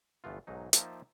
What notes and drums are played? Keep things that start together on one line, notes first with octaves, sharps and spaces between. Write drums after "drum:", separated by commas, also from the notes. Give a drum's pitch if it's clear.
G1 E3 A3 B3 F4
B1 G#2 F#3 D#4
F3 A#3 D#4 E5 G5 A5, drum: hi-hat